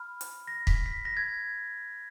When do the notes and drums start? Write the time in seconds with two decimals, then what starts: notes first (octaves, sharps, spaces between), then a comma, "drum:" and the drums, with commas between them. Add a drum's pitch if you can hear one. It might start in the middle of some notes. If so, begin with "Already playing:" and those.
Already playing: B5 F6
0.21 drum: hi-hat
0.48 A#6
0.67 B6, drum: kick
0.86 B6
1.05 A#6
1.17 G#6